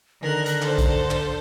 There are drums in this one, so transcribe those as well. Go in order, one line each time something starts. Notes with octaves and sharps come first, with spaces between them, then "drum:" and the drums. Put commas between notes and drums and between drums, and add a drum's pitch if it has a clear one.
D3 D#3 A#4 F#6
drum: hi-hat
A4 C5, drum: clap
drum: kick A#1, hi-hat
drum: clap